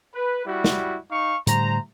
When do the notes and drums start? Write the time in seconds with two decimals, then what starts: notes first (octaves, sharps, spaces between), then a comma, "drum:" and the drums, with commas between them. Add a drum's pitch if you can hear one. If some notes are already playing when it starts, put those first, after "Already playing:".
0.13 B4
0.45 G3 E4 F#4
0.64 drum: snare
1.09 D#4 F5 C#6
1.47 A2 D3 G3 C5 A#5, drum: hi-hat